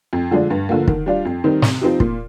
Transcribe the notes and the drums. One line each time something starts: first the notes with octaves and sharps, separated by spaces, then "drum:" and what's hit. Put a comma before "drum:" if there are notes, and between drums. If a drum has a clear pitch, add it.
F2
D3 F3 G#3 D4
G2
D3 F3 A#3
D#3, drum: kick
G3 D4 F4
F2
D#3 G3 C4 D#4
C3, drum: snare
F3 C4 D#4 G4
A#2, drum: kick